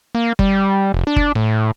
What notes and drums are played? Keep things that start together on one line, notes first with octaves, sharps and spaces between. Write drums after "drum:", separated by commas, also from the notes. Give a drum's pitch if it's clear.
A#3
G3, drum: kick F#1
F1
D4
drum: kick F#1
A2